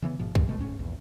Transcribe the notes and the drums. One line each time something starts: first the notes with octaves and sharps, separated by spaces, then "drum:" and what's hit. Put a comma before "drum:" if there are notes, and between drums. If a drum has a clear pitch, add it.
C#3 E3 A#3 B3
A1 G#2 B2 F3
G1 G2 D#3 F3, drum: kick
G#1 B2 G#3 A3
F1 G#2 C#4
A#1 E2